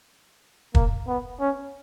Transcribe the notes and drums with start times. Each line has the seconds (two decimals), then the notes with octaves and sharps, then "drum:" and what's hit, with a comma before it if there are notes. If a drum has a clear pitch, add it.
0.75 A#3, drum: kick
1.08 B3
1.40 C#4